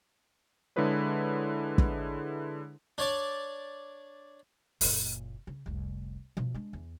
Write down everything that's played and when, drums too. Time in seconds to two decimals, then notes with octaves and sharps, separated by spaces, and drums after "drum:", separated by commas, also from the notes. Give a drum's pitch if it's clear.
0.76 D3 G#3 E4 G#4 B4 C#5
1.78 drum: kick
2.98 D4 C#5 D5
4.81 F#1 A#2, drum: open hi-hat
5.47 C#3
5.66 F1 C2
6.37 B2 F3
6.54 G#3 D4
6.73 E2